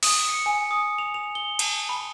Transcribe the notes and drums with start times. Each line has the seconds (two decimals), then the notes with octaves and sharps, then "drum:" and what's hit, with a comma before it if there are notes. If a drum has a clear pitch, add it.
0.03 D#6, drum: open hi-hat
0.29 C#7
0.46 G#5
0.71 D#6
0.98 F7
1.14 F7
1.35 G7
1.59 A5, drum: cymbal
1.89 B5